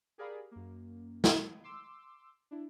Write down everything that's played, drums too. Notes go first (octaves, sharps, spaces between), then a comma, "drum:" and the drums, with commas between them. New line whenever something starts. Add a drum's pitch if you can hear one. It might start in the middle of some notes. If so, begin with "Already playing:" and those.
G4 G#4 A#4 D5 F5 B5
F#2 A#3
drum: snare
C6 D6 E6
D4 E4